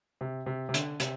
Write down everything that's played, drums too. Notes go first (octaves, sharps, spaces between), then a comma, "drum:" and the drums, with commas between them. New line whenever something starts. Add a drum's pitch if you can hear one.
C3
C3
C3
D3, drum: hi-hat
C3, drum: hi-hat